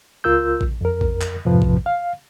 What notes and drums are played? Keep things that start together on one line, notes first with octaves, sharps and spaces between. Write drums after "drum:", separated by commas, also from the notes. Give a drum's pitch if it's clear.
C#2 F4 A#4 E6 G6
drum: kick A#1
F2 A#4
drum: kick A#1
drum: clap
F2 G#2 C3 F3 B4
drum: kick A#1
F5